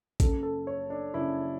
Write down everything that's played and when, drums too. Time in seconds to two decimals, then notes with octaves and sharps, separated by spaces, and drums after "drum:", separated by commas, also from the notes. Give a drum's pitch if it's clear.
0.20 F#1 F#2 C#3 A4, drum: kick, hi-hat
0.43 A4
0.67 C#5
0.90 D4
1.14 F#1 F#2 C#3 E4